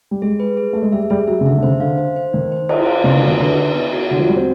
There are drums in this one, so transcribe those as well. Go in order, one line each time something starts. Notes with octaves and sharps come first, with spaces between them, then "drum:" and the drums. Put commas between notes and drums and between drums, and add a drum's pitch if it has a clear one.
G3
G#3 G#4
B4
G#4
A3 G#4
G#3
G3 E5
G3 G#4
F#3 E5
C#3
D3 E5
D3
C#3 C5
D3 F5
C5
C5
D#3 D#4
C5
C5, drum: cymbal
F5
C#3 B3
D3
F#4
D#3
D3 B4
D#4
B3
F#4
D3 F#4
F3
G3 B3
C4